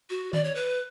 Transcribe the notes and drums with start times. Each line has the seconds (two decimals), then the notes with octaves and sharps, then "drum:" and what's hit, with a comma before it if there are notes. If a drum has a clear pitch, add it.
0.10 F#4
0.33 D5, drum: tom D#3
0.44 C#5
0.55 B4